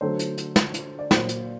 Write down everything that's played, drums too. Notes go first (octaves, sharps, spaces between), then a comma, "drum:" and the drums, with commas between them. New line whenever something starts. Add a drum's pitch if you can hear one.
D3 F#3 A3 C5
drum: hi-hat
drum: hi-hat
drum: snare
drum: hi-hat
D5
A#2 F#3 A#3 C5, drum: snare
drum: hi-hat